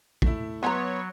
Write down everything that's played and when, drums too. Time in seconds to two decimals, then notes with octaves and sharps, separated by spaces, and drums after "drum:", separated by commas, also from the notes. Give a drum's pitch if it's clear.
0.22 A3 E4, drum: kick
0.63 F#3 B3 C#5 E5 G#5 A#5 C6